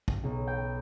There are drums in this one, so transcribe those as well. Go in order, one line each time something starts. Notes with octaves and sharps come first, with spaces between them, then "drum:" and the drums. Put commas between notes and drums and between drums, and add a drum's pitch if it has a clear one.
drum: kick
B1
G5